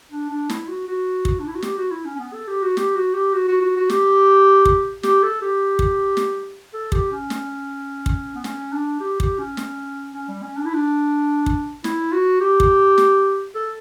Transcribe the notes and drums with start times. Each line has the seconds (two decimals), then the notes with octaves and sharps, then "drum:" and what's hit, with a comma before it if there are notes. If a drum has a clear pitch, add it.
0.11 D4
0.30 D4
0.50 E4, drum: snare
0.68 F#4
0.88 F#4
1.25 drum: kick
1.39 D4
1.47 E4
1.55 F#4
1.62 G4, drum: snare
1.77 F#4
1.91 E4
2.05 C#4
2.15 C#4
2.19 B3
2.33 A4
2.48 G4
2.62 F#4
2.77 G4, drum: snare
2.95 F#4
3.14 G4
3.33 F#4
3.48 F#4
3.61 F#4
3.76 F#4
3.90 G4, drum: snare
4.65 drum: kick
5.03 G4, drum: snare
5.23 A4
5.42 G4
5.79 drum: kick
6.17 drum: snare
6.74 A4
6.92 G4, drum: kick
7.12 C#4
7.30 drum: snare
8.06 drum: kick
8.35 B3
8.44 C#4, drum: snare
8.72 D4
9.00 G4
9.20 G4, drum: kick
9.39 C#4
9.57 drum: snare
10.14 C#4
10.28 G3
10.42 C#4
10.57 D4
10.66 E4
10.74 D4
11.46 drum: kick
11.84 E4, drum: snare
12.12 F#4
12.41 G4
12.60 drum: kick
12.98 drum: snare
13.55 A4